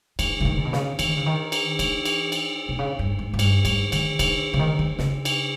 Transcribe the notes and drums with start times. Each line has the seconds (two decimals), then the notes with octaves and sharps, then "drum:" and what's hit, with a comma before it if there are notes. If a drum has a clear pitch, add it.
0.19 E3, drum: cymbal
0.40 E3
0.45 D#3
0.57 A#2
0.65 B2
0.73 C#3, drum: snare
0.99 E3, drum: cymbal
1.08 D#3
1.17 C#3
1.26 D#3
1.52 drum: cymbal
1.79 E3, drum: cymbal
2.05 drum: cymbal
2.32 drum: cymbal
2.69 B2
2.79 C#3
2.99 G2
3.19 G#2
3.33 G#2
3.39 G2, drum: cymbal
3.65 G2, drum: cymbal
3.92 D#3, drum: cymbal
4.19 D#3, drum: cymbal
4.53 C#3
4.59 D#3
4.79 D#3
4.99 C#3, drum: snare
5.25 drum: cymbal